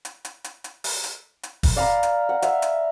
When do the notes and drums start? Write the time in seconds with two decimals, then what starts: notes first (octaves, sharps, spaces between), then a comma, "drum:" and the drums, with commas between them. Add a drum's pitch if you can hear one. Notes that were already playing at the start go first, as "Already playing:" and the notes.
0.05 drum: hi-hat
0.25 drum: hi-hat
0.44 drum: hi-hat
0.64 drum: hi-hat
0.84 drum: open hi-hat
1.04 drum: hi-hat
1.43 drum: hi-hat
1.63 drum: kick, open hi-hat
1.76 D5 F5 A#5 B5
2.03 drum: hi-hat
2.29 F#5
2.42 E5 F5, drum: hi-hat
2.62 drum: hi-hat